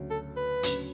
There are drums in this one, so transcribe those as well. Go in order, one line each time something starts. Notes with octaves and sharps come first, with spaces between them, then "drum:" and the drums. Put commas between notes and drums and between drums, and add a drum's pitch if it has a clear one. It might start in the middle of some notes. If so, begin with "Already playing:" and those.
Already playing: D2 C#3 F#3
A4
B4
D2 C#3 F#3, drum: hi-hat